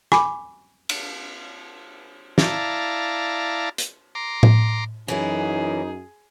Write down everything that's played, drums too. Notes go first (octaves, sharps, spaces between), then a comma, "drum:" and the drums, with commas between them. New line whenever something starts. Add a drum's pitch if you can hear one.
G#5 B5 D6, drum: rim click
drum: cymbal
E4 D5 F5 A5 A#5, drum: snare
drum: hi-hat
A#5 C6 D6
drum: tom A2
F#2 E3 C#4 D#4 E4 G#4